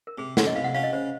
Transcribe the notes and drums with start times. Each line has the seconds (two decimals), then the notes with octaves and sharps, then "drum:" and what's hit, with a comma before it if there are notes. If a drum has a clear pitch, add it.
0.07 A#4
0.18 C3 G#4
0.37 F#3 C#4 F#5, drum: snare
0.47 D#5
0.55 C3 F5
0.64 F#5
0.74 F#3 C#4 F5
0.84 D#5
0.93 C#3 C5